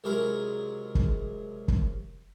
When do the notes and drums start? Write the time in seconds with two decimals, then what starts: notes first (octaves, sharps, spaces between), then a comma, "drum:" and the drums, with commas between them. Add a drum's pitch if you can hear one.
0.04 C#2 C3 F#3 G#4 A#4 B5
0.95 drum: kick
1.68 drum: kick